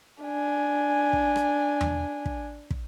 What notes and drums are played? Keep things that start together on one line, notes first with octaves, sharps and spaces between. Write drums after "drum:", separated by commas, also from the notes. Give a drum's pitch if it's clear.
D4 G#5
drum: kick
drum: rim click
drum: tom E2
drum: kick
drum: kick